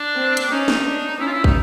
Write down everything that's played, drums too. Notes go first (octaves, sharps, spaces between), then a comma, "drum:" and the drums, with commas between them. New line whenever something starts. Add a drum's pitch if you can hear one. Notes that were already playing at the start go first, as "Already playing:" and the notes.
Already playing: D4
C4
drum: hi-hat
C#4 D#4
drum: snare
D4
C#4 E4
F4
E4
D#4, drum: kick